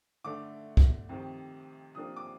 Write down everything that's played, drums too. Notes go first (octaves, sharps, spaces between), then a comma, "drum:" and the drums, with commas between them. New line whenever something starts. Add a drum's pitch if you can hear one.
D3 A3 D4 D6
drum: kick
F2 C3 D#3
C3 F3 A#3 D4 D#6
D6